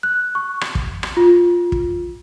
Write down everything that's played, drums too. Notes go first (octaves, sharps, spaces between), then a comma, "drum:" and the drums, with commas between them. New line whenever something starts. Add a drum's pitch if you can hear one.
F#6
C#6
drum: rim click
drum: kick
drum: rim click
F4
drum: kick